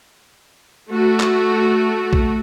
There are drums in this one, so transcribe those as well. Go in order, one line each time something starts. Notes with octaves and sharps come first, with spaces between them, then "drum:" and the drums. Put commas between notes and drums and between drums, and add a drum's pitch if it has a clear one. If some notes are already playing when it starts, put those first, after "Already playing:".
A3 F#4
drum: clap
drum: kick A#1